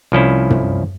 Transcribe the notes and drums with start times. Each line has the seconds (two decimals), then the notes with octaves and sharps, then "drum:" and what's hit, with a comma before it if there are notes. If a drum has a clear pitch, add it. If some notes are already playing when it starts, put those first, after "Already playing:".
0.12 C2 F3 C#4 E4
0.50 drum: tom